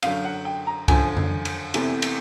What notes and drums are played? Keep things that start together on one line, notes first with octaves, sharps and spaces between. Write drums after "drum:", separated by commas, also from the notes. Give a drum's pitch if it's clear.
F#2 D3 F#3 F5, drum: cymbal
F#5
G5
A#5
F#2 D3 F3 G#5, drum: kick C2, cymbal
drum: tom F2
drum: cymbal
E2 C3 E3 A3, drum: cymbal
drum: cymbal